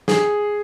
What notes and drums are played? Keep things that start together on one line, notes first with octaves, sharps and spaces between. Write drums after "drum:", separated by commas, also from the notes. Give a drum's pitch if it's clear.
G#4, drum: snare